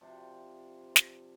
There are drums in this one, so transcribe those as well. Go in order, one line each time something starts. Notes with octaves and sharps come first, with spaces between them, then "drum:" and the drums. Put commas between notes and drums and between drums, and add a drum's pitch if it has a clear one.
C3 F3 D4
drum: snare